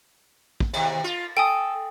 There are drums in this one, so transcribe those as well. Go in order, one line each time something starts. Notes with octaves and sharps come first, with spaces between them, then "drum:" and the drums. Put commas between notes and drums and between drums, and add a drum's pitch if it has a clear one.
drum: kick
D#2 C3, drum: cymbal
F4
A4 G5 G#5 D#6